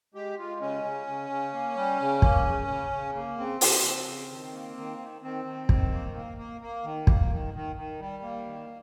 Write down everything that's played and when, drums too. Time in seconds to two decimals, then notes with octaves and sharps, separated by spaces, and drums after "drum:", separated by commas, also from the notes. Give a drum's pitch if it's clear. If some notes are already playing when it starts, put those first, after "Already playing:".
0.14 G#3 G4
0.37 G#3 F4
0.61 C#3 C#4
0.84 C#3
1.07 C#3
1.30 C#3
1.53 A#3
1.76 G3
2.00 C#3
2.22 A#3, drum: kick
2.46 C#3
2.68 C#3
2.91 C#3
3.15 A#3
3.37 C#3 C4
3.61 C#3, drum: open hi-hat
3.84 F3
4.07 C#3
4.30 D#3
4.53 A#3
4.77 D#3
4.99 D#3
5.22 D#3 C4
5.45 D#3
5.69 D#3, drum: kick
5.92 A#3
6.15 A#3
6.37 A#3
6.61 A#3
6.84 D#3
7.07 A#3, drum: kick
7.30 D#3
7.54 D#3
7.76 D#3
8.00 G3
8.23 A#3
8.45 D#3